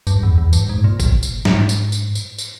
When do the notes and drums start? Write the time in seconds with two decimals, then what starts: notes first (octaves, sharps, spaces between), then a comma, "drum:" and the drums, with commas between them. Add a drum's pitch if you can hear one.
0.07 G2, drum: tambourine
0.23 E2
0.38 E2
0.53 G2, drum: tambourine
0.69 G#2
0.84 A#2
1.00 drum: kick, tambourine
1.23 drum: tambourine
1.45 G#2, drum: snare
1.69 drum: tambourine
1.92 drum: tambourine
2.15 drum: tambourine
2.38 drum: tambourine